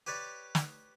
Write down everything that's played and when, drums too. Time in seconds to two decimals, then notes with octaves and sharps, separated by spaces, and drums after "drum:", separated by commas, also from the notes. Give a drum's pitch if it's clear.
0.07 G4 B4 C#5 D5
0.55 drum: snare